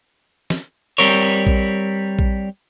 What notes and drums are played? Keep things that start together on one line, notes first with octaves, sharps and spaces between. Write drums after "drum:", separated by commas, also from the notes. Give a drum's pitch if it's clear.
drum: snare
G3 C4 A#4 C#5
drum: kick A#1
drum: kick A#1